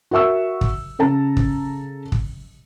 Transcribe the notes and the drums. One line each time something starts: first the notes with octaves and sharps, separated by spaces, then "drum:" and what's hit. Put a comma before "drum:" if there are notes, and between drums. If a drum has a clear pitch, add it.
F#4 A#4 E5 C#6 E6
drum: kick
C#3 A4 A5 A#5
drum: kick
drum: kick